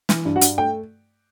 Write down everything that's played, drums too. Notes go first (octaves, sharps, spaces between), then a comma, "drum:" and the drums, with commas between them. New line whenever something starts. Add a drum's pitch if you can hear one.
E3, drum: snare
G2
F#4 F#5
G2, drum: hi-hat
A3 G5